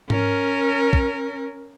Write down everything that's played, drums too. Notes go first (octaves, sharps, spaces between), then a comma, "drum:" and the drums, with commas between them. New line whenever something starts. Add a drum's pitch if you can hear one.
C#4 A#4, drum: tom G#2
drum: kick